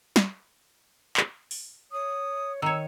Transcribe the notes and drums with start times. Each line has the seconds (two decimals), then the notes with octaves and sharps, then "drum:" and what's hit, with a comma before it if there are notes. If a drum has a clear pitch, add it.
0.16 drum: snare
1.17 drum: clap
1.51 drum: open hi-hat
1.92 C#5 D#6
2.62 D#3 C#5 E6